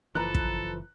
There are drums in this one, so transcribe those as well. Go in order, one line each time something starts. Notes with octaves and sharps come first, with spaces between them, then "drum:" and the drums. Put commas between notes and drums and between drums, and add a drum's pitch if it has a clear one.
F#1 E3 F3 A4 B4 A#5 F#6
drum: kick